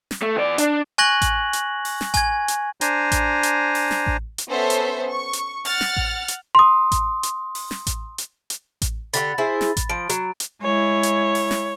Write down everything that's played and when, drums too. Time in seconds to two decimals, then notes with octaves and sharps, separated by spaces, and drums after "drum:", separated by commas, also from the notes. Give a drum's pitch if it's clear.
0.11 drum: snare
0.22 A3
0.36 E3 D5
0.58 D4, drum: hi-hat
0.98 G#5 C#6 F#6 G#6 A#6 F#7
1.22 drum: kick A1, hi-hat
1.53 drum: hi-hat
1.85 drum: open hi-hat
2.01 drum: snare
2.14 G#5 G#6, drum: kick A1, hi-hat
2.48 drum: hi-hat
2.81 D4 C5 G#5 A#5, drum: hi-hat
3.12 drum: kick A1, hi-hat
3.43 drum: hi-hat
3.75 drum: open hi-hat
3.91 drum: snare
4.07 drum: kick A1
4.38 drum: hi-hat
4.48 B3 C#4 A4 C5 E5
4.70 drum: hi-hat
5.09 C#6
5.33 drum: hi-hat
5.65 F#5 F6 A6, drum: open hi-hat
5.81 drum: snare
5.97 drum: kick A1
6.28 drum: hi-hat
6.55 C6 D#6
6.92 drum: kick A1, hi-hat
7.23 drum: hi-hat
7.55 drum: open hi-hat
7.71 drum: snare
7.87 drum: kick A1, hi-hat
8.18 drum: hi-hat
8.50 drum: hi-hat
8.82 drum: kick A1, hi-hat
9.13 D3 G4 F#5 B5 A6, drum: hi-hat
9.38 E4 G#4 C5
9.61 drum: snare
9.77 drum: kick A1, hi-hat
9.89 F3 D7
10.10 F#3, drum: hi-hat
10.40 drum: hi-hat
10.63 G#3 E4 C#5
11.03 drum: hi-hat
11.35 drum: open hi-hat
11.51 drum: snare